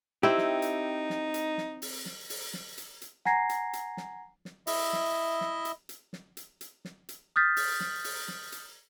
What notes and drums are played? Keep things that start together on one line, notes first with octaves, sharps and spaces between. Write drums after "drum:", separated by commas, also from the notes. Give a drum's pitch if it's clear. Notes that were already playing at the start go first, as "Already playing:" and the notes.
C4 D#4 E4 G4
drum: snare
drum: hi-hat
drum: snare
drum: hi-hat
drum: snare
drum: open hi-hat
drum: snare
drum: open hi-hat
drum: snare
drum: hi-hat
drum: hi-hat
F#5 G#5 A#5 G#6 A#6 C7, drum: snare
drum: hi-hat
drum: hi-hat
drum: snare
drum: snare
E4 D#5 E5, drum: open hi-hat
drum: snare
drum: snare
drum: hi-hat
drum: hi-hat
drum: snare
drum: hi-hat
drum: hi-hat
drum: snare
drum: hi-hat
D#6 F6 G6 A6 B6
drum: open hi-hat
drum: snare
drum: open hi-hat
drum: snare
drum: hi-hat